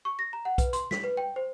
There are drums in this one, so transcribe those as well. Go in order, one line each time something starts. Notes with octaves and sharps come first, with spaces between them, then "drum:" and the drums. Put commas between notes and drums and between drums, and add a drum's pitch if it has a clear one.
C#6
A#6
A#5
F#5
B4, drum: kick B1, hi-hat
C6, drum: hi-hat
B6, drum: snare
B4
G5
C5